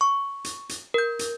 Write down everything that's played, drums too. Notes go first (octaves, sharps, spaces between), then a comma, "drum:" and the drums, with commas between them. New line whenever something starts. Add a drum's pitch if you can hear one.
C#6
drum: hi-hat
drum: hi-hat
A#4 G6
drum: hi-hat